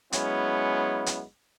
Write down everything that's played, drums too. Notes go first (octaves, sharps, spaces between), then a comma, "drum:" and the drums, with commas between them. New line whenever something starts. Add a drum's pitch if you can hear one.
F#3 G#3 B3 C#4 E4, drum: hi-hat
drum: hi-hat